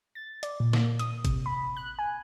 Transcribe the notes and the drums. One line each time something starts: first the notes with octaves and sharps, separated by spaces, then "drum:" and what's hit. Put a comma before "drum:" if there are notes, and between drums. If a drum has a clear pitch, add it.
A6
D5, drum: hi-hat
A#2
A#3, drum: snare
D#6, drum: hi-hat
C3, drum: kick, hi-hat
B5
F#6
G#5